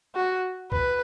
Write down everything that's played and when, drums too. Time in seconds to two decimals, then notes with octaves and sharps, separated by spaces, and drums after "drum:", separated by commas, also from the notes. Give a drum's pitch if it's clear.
0.15 F#4
0.72 B4, drum: kick